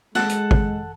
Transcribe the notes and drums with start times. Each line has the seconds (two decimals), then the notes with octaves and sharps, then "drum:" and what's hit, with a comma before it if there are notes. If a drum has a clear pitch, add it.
0.15 G#3 A4 F#5 A5, drum: snare
0.29 drum: hi-hat
0.51 drum: kick